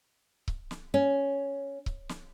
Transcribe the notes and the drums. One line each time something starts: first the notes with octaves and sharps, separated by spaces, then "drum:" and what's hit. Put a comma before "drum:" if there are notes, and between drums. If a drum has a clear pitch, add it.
drum: kick C#1
drum: snare
C#4
drum: kick C#1
drum: snare